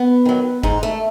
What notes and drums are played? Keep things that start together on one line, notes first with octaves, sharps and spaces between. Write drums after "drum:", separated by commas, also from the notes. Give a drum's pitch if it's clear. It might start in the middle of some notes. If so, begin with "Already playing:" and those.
Already playing: B3
D#3 F#3
G#2 D#4, drum: kick G1
A3